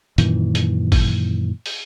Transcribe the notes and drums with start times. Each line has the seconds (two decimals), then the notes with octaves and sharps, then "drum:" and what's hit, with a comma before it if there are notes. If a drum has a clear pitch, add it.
0.18 F#2 A#2 D#3 E3, drum: hi-hat
0.55 drum: hi-hat
0.92 drum: kick G#1, open hi-hat
1.66 drum: open hi-hat